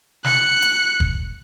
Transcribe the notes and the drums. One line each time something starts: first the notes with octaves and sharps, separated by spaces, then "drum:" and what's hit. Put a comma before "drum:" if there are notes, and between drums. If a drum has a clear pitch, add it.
F#6 C#7, drum: snare
drum: hi-hat
drum: kick